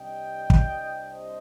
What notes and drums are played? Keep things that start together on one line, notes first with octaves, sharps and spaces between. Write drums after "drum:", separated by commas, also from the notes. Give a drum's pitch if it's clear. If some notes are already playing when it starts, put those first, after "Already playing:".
Already playing: C2 C3 G3 D4 D#5 G5
drum: kick
C5 D#5